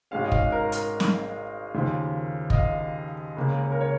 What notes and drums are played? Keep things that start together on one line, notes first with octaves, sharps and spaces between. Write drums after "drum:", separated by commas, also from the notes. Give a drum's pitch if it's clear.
G#1 G#2 G#3 C#4 F5
D#5
F5, drum: kick
A#4
A#4, drum: hi-hat
drum: snare
D#2 C#3 F3
D#5, drum: kick
F5
C#2 C#3 A#3 C#4
C#5
A#4
C#5